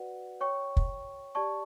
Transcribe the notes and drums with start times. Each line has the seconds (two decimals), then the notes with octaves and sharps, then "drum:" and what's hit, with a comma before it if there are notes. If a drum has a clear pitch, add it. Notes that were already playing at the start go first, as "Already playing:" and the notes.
Already playing: F#4 B4 D5 F#5
0.41 C#5 G5 C#6
0.77 drum: kick
1.35 G4 D5 A5 C#6